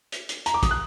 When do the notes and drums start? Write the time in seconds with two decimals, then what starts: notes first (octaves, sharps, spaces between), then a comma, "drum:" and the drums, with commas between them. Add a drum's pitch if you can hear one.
0.12 drum: hi-hat
0.29 drum: hi-hat
0.46 A#5, drum: hi-hat
0.54 D6
0.63 D#6, drum: kick, hi-hat
0.71 F#6